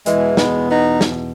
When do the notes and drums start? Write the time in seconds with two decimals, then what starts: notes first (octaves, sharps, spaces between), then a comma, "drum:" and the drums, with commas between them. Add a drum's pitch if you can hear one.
0.06 E2 B2 E3 G#3, drum: hi-hat
0.37 G#3 B3, drum: snare
0.70 B3 D#4
1.01 drum: snare